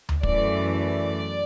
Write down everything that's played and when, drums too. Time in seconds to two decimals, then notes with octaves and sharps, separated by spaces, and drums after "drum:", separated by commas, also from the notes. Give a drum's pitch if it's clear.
0.09 drum: tom D2
0.23 F#2 E3 A3 D5, drum: kick
0.79 D5